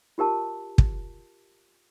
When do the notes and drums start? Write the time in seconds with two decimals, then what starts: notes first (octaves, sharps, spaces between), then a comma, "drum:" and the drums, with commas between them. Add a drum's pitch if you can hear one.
0.18 F4 G4 A#4 A5
0.78 drum: kick